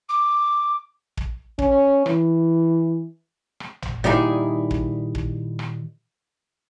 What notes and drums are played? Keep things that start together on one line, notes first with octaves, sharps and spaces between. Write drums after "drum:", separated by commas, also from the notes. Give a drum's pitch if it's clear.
D6
drum: kick
C#4, drum: kick
E3, drum: rim click
drum: rim click
drum: tom
A#2 D#3 G3 D#4 E4 G#4
drum: kick
drum: kick
drum: rim click